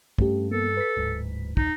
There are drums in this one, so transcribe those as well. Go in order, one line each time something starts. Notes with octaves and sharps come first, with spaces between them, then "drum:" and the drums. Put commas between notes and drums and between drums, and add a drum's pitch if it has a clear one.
G2 A3 C#4 G4, drum: kick
A#3 B3 A4
B4 B6
D1 G#2
D#1 D#4, drum: kick